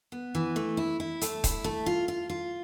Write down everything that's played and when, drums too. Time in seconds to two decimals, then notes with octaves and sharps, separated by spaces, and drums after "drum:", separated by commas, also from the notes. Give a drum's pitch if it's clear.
0.12 B3
0.35 E3
0.56 A3
0.77 E4
1.00 E4
1.22 A3, drum: hi-hat
1.44 E4, drum: kick D#1, hi-hat
1.64 A3
1.86 F4
2.08 F4
2.30 F4